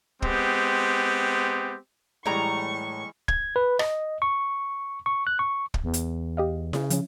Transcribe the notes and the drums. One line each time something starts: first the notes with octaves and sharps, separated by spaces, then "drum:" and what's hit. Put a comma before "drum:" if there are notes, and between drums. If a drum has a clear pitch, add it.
G#3 B3 C4 G4, drum: kick
A2 E3 G3 G#3 A#5 C#6
G#6, drum: kick
B4
D#5, drum: rim click
C#6
C#6
F#6
C#6
drum: kick
E2
drum: hi-hat
G4 D#5 F5
C#3, drum: snare E4
F3 C#4, drum: hi-hat